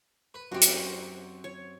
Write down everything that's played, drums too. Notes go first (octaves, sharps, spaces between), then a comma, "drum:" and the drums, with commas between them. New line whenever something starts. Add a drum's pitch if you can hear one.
B4
F#2 C4 F#4 G4
drum: hi-hat
C#5